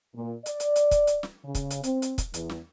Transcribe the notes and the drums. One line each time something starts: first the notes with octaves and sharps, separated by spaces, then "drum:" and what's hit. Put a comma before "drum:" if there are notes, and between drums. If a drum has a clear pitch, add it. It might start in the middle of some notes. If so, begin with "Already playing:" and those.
A#2
D5, drum: hi-hat
drum: hi-hat
drum: hi-hat
drum: kick, hi-hat
drum: hi-hat
drum: snare
C#3
drum: kick, hi-hat
drum: hi-hat
C4, drum: hi-hat
drum: hi-hat
drum: kick, hi-hat
E2, drum: hi-hat
drum: snare